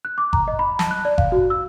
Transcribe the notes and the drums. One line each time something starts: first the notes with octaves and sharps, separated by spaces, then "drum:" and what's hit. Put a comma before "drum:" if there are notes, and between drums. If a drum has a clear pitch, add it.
F#6
D6
A#5, drum: kick G1
D#5
B5
A5, drum: snare
F#6
D5
F5, drum: kick G1
F#4
E6